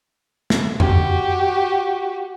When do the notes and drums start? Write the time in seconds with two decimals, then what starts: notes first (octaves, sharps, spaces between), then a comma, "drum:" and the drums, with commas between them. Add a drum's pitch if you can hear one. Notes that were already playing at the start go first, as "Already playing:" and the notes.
0.50 drum: snare
0.80 F#4 G4, drum: tom F2